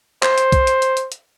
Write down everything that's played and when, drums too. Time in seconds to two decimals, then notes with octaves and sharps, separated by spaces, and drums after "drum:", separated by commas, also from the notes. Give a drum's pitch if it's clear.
0.23 C5, drum: clap
0.38 drum: hi-hat
0.52 drum: kick, hi-hat
0.67 drum: hi-hat
0.82 drum: hi-hat
0.97 drum: hi-hat
1.12 drum: hi-hat